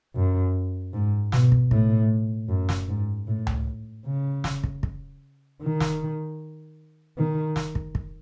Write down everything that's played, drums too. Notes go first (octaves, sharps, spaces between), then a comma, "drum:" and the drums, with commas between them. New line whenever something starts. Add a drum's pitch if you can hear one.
F#2
G#2
B2, drum: snare
drum: kick
A2, drum: kick
F#2
drum: snare
G#2
A2
drum: tom C#2
C#3
drum: snare
drum: kick
drum: kick
D#3
drum: snare
D#3
drum: snare
drum: kick
drum: kick